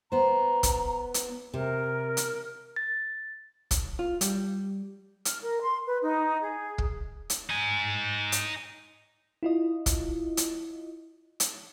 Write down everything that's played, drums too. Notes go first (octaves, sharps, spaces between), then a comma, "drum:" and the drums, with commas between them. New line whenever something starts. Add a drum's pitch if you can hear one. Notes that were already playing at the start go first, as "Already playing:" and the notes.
B3 C5 A#5
drum: kick, hi-hat
drum: hi-hat
C3 A#4
drum: hi-hat
A6
drum: kick, hi-hat
F4
G3, drum: hi-hat
F6, drum: hi-hat
A#4
C6
B4
D#4
G#4
drum: kick
drum: hi-hat
D#4 G#5
drum: hi-hat
E4 F4 D#5
drum: kick, hi-hat
drum: hi-hat
drum: hi-hat